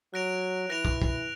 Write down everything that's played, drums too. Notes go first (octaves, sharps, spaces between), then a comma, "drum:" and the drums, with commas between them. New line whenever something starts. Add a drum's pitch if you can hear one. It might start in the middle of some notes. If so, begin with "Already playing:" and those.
F#3 F#6 A#6 D7 F7
E3 F#6 A#6 D7 F7
drum: kick
drum: kick